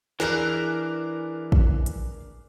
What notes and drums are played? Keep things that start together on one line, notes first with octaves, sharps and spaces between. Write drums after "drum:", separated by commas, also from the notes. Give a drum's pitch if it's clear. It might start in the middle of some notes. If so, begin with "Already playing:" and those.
E3 D4 G#4 A#4 F#6, drum: snare
drum: kick
drum: hi-hat